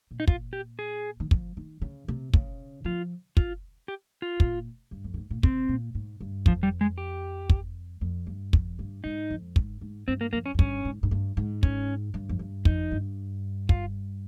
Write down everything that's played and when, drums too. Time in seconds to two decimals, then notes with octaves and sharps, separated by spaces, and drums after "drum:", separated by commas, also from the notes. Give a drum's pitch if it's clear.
0.11 A#2
0.20 D#4
0.28 F4, drum: kick
0.53 G4
0.79 G#4
1.20 D#3
1.31 F3, drum: kick
1.57 D#3
1.81 C#3
2.08 C3
2.34 C#3, drum: kick
2.85 F3 F4
3.37 F4, drum: kick
3.88 G4
4.22 F4
4.40 A#2, drum: kick
4.91 G2
5.04 F2
5.14 A#2
5.17 G#2
5.30 A#2
5.43 C3 C4, drum: kick
5.69 A#2
5.95 G#2
6.21 G2
6.46 F2 F3, drum: kick
6.63 G3
6.81 G#3
6.98 G4
7.50 drum: kick
8.01 F2
8.27 G2
8.53 F2, drum: kick
8.79 G2
9.04 G#2 D#4
9.30 F2
9.56 G#2, drum: kick
9.81 G#2
10.08 G2 C4
10.21 A#3
10.33 F2 A#3
10.46 C#4
10.54 F2
10.59 G2 C#4, drum: kick
10.85 G#2
11.03 G#2
11.11 G2
11.37 G#2
11.63 C#4, drum: kick
12.14 G2
12.29 F2
12.39 G2
12.65 F2 D#4, drum: kick
12.91 G2
13.69 F4, drum: kick